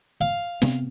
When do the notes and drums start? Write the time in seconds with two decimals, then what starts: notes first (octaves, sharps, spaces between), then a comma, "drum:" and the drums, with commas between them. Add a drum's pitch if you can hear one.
0.21 F5
0.62 C3 B3 C4, drum: snare